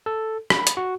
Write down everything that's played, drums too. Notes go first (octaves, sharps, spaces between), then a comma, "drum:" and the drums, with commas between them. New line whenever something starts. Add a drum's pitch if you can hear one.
A4
B5, drum: rim click
drum: hi-hat
F#4